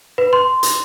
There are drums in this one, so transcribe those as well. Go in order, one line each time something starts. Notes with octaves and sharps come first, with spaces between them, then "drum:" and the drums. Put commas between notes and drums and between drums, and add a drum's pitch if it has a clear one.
B4
C6
drum: hi-hat